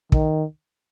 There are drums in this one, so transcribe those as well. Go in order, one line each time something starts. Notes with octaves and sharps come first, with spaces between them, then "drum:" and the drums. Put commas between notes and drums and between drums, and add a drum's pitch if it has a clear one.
D#3, drum: kick